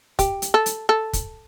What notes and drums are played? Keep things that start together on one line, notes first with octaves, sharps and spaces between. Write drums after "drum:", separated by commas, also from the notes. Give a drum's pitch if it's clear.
G4, drum: kick, hi-hat
drum: hi-hat
A4
drum: hi-hat
A4
drum: kick, hi-hat